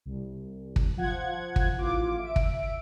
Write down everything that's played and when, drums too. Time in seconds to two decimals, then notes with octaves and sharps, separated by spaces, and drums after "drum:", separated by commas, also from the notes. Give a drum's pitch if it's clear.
0.06 C2
0.76 drum: kick
0.97 F3 F#5 G#6
1.56 drum: kick
1.76 A1 F4 D6
2.18 E5 D7
2.36 drum: kick